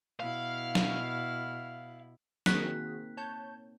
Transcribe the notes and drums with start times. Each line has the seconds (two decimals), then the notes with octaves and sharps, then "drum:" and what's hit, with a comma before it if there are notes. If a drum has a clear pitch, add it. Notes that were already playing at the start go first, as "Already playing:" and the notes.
0.20 B2 E4 F5
0.75 drum: snare
2.46 D#3 A#3 C4 D#4 F#4 G#4 F#6 B6, drum: snare
3.17 C#5 A5 G6